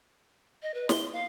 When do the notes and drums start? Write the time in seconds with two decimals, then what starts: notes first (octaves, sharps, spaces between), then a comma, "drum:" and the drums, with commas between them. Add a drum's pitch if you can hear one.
0.63 D#5
0.74 B4
0.89 C6, drum: snare
1.13 F5